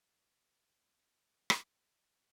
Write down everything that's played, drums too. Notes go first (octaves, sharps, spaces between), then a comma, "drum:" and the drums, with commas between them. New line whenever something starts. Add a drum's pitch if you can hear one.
F2 A3 A#3 D#4 F#4 E5
drum: rim click